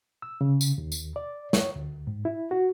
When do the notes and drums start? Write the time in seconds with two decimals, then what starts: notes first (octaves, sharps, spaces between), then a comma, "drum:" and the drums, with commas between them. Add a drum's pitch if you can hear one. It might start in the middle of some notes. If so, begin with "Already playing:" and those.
0.22 E6
0.41 C#3
0.61 drum: tambourine
0.78 D#2
0.92 drum: tambourine
1.16 D5
1.53 C#5, drum: snare
1.76 D2
2.07 G#2
2.25 E4
2.51 F#4